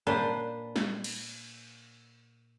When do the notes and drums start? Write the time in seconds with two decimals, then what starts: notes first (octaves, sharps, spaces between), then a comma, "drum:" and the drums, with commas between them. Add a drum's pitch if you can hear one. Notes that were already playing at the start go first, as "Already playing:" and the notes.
0.07 A#2 D4 B4 C5
0.76 drum: snare
1.04 drum: cymbal